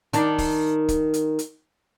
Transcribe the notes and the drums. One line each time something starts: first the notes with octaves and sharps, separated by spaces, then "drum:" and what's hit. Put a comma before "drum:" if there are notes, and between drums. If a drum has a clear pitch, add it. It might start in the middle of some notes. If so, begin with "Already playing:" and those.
D#3 D4, drum: hi-hat
drum: kick, open hi-hat
drum: kick, hi-hat
drum: hi-hat
drum: hi-hat